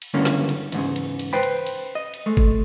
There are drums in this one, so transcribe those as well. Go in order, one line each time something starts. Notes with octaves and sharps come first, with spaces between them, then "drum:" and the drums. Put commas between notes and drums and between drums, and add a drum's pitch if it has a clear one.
drum: cymbal
C#2 G2 D3 E3 A#3 C#4
drum: snare
drum: cymbal
E2 G#2 C#3, drum: cymbal
drum: cymbal
drum: cymbal
B4 C5 G5 B5
drum: cymbal
drum: cymbal
D#5
drum: cymbal
G#3 A3
drum: kick G1